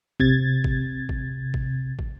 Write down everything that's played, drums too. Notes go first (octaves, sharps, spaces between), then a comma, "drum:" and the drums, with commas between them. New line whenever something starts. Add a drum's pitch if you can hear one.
C3 G#6 A6, drum: kick
drum: kick
drum: kick
drum: kick
drum: kick